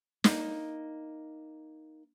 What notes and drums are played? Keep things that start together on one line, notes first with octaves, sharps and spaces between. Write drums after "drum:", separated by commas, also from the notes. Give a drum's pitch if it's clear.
A#3 D#4, drum: snare